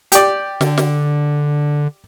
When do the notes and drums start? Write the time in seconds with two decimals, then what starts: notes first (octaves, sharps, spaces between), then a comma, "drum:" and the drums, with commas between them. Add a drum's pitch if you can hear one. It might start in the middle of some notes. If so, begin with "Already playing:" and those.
0.12 G4 D5, drum: hi-hat
0.61 D3, drum: snare
0.78 drum: snare